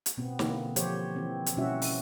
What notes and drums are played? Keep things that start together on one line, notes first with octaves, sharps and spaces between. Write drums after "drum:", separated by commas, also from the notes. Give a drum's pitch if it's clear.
drum: hi-hat
B2 B3 C4
D3 E3 A#3, drum: snare
F3 G4 C5 C#5, drum: hi-hat
E3 C4
drum: hi-hat
B2 G3 C#4 E4 F#4 E5
drum: open hi-hat